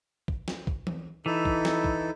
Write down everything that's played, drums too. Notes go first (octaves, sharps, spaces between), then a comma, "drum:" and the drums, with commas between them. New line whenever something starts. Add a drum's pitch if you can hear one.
drum: kick
drum: snare
drum: kick
drum: tom E3
E3 D#4 E4 A4
drum: kick
drum: snare
drum: kick